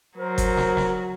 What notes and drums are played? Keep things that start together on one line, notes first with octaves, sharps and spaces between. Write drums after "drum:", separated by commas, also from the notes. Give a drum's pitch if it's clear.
F#3 A#4 C5
drum: kick G1, hi-hat
drum: snare
drum: snare